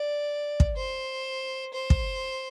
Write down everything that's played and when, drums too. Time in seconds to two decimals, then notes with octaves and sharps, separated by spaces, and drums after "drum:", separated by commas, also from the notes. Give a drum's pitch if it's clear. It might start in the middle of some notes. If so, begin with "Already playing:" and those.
Already playing: D5
0.60 drum: kick
0.76 C5
1.73 C5
1.90 drum: kick